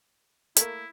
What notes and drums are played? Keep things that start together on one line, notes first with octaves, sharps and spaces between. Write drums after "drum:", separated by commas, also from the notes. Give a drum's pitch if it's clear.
A3 A#3 E4, drum: hi-hat